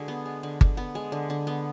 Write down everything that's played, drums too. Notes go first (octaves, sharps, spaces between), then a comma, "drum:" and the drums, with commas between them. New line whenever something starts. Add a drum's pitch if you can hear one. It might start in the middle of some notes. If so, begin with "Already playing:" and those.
Already playing: D3 G#3 F#4 G#4
B3
G#3
D3
D3, drum: kick G1
B3
G#3
D3
D3
B3